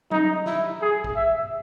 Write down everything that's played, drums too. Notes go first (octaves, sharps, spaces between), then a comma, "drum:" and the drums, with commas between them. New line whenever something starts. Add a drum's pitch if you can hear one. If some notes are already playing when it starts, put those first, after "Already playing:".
D#4, drum: tom F#3
E4, drum: snare
G#4
drum: kick
E5